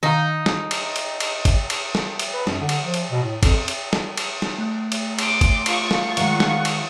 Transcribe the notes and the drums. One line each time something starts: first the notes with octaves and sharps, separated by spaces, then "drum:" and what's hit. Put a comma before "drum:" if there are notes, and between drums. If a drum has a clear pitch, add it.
D#3 D#4 F5
drum: snare
drum: cymbal
drum: cymbal
drum: cymbal
drum: kick, cymbal
drum: cymbal
drum: snare
drum: cymbal
B4
F#2, drum: snare
D3
drum: cymbal
F3
drum: cymbal
B2
A2
F2, drum: kick, cymbal
drum: cymbal
drum: snare
drum: cymbal
drum: snare
A3 F#6
drum: cymbal
C6 D6, drum: cymbal
drum: kick, cymbal
F4 C#6, drum: cymbal
drum: snare
D#3 G#3 F#5, drum: cymbal
drum: snare
drum: cymbal